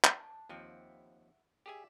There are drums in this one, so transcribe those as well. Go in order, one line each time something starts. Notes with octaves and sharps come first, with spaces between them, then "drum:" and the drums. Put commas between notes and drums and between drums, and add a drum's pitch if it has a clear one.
D4 A5, drum: clap
D#2 F3 C4 E4 F#5
G4 G#4 D5 E5 G#5